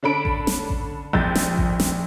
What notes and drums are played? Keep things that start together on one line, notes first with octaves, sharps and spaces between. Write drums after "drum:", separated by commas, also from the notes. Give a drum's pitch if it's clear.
D3 C#4 D4 A4 B5 D7
drum: kick A1
drum: snare
drum: kick A1
A#1 F2 G6 A6, drum: kick A1
drum: snare
drum: kick A1
drum: snare